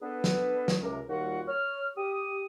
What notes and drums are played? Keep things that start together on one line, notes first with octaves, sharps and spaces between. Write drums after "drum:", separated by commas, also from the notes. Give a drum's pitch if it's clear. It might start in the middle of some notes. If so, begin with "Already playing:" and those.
B3 D4 G#4 A4 B4
drum: snare
drum: snare
C#2 C3 A#4
D#2 A#2 G3 F4 F#4 F#5
C#5 F6
G4 D#6